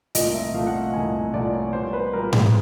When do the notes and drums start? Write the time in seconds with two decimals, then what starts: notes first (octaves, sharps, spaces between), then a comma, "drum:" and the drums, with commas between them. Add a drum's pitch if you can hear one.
0.15 C2 A#2 F3 A3 D#5, drum: hi-hat
0.34 E5
0.54 C2 A#2 F3 A3 F5
0.67 F#5
0.94 C2 A#2 F3 A3 G#5
1.33 C2 A#2 F3 A3 D5
1.53 C#5
1.73 A#2 G3 B3 C5
1.93 B4
2.13 A#2 G3 B3 A#4
2.33 G#4, drum: tom G#2